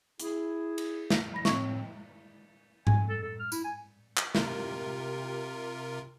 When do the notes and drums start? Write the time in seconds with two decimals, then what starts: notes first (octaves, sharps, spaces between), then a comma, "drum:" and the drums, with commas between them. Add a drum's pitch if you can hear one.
0.20 E4 G#4, drum: hi-hat
0.78 drum: cymbal
1.10 drum: snare
1.32 F3 B5 A#6
1.45 A2 C4 C#6 G#6, drum: snare
2.87 G#5, drum: tom G#2
3.09 A4
3.23 A4
3.39 F6
3.52 E4, drum: tambourine
3.64 G#5
4.17 drum: clap
4.35 C3 F4 G4 A#4, drum: snare